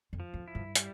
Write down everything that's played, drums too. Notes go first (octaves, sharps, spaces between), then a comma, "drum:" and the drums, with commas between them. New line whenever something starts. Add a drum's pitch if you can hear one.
F2
F3
F2
E4
G2
G3, drum: hi-hat